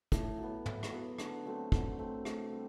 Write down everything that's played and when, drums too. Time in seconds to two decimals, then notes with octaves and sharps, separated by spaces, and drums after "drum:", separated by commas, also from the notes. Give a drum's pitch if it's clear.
0.12 A2, drum: kick, hi-hat
0.38 F#3
0.43 B3
0.66 A2, drum: tom
0.83 drum: rim click
0.92 F#3 B3
1.18 D3, drum: rim click
1.45 F#3 A3 C4
1.72 D3, drum: kick
1.98 F#3 A3 C4
2.25 C3, drum: rim click
2.52 G3 C4 G4